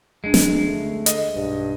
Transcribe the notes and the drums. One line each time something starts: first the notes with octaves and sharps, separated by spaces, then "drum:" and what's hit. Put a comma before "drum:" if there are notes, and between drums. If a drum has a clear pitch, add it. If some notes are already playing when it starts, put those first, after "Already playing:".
F#1 G#3 D4
drum: snare
D2 A3
D#5, drum: hi-hat
B1 G2